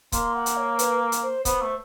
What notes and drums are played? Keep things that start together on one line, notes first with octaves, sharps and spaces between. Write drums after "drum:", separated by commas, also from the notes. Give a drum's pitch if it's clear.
A#3 C6, drum: kick C#1, hi-hat
F#5
drum: hi-hat
C#5
B4, drum: hi-hat
drum: hi-hat
C5
B3 C5, drum: kick C#1, hi-hat
A3